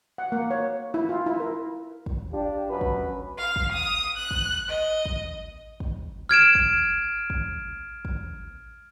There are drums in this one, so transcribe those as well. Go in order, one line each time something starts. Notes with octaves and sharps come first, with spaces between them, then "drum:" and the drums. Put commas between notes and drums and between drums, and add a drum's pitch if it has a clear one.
F#5
A#3
C#5
E4
F4
E4
A#4
drum: kick
D4 F4 G4
F#2 D4 B4
drum: kick
F5
drum: kick
D#6
F#6
drum: kick
D#5
drum: kick
drum: kick
F6 G#6 D7 E7
drum: kick
drum: kick
drum: kick